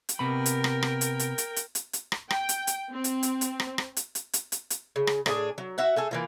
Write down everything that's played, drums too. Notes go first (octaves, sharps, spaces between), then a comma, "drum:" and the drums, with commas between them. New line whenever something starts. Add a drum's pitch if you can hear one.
drum: hi-hat
C3 B3 A#4 G5 B5
drum: hi-hat
drum: rim click
drum: rim click
drum: hi-hat
drum: hi-hat
drum: hi-hat
drum: hi-hat
drum: hi-hat
drum: hi-hat
drum: rim click
G5, drum: rim click
drum: hi-hat
drum: hi-hat
C4
drum: hi-hat
drum: hi-hat
drum: hi-hat
drum: rim click
drum: rim click
drum: hi-hat
drum: hi-hat
drum: hi-hat
drum: hi-hat
drum: hi-hat
C#3
drum: rim click
A2 D4 G#4, drum: rim click
F#3
F#4 E5 F#5
A3 G#4 A4
E3 A#3 F4